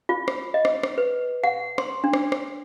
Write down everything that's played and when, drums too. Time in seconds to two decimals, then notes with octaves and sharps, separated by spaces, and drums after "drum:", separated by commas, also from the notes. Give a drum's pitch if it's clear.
0.09 F4
0.28 drum: rim click
0.54 D#5
0.65 drum: rim click
0.83 drum: rim click
0.98 B4
1.44 F#5
1.78 C6, drum: rim click
2.04 D4
2.13 drum: rim click
2.32 drum: rim click